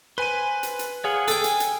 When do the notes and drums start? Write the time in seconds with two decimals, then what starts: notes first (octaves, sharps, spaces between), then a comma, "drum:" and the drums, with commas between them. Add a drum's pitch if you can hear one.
0.18 B4 C5 G#5 D#7
0.63 drum: hi-hat
0.79 drum: hi-hat
1.04 G#4 C#5 F5 F#5
1.28 A4 G5 G#5, drum: hi-hat
1.44 drum: hi-hat
1.60 drum: hi-hat